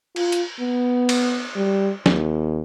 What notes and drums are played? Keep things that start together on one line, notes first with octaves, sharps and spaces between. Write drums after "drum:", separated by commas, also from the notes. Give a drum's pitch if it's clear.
F4, drum: cymbal
drum: hi-hat
B3
drum: cymbal
G3
D#2, drum: snare